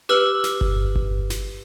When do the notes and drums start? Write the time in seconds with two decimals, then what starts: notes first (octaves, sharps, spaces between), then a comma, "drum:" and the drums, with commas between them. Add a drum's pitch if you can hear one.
0.09 G4 B4 E6 F6 F#7
0.44 drum: snare
0.61 drum: kick G1
0.96 drum: kick G1
1.30 drum: snare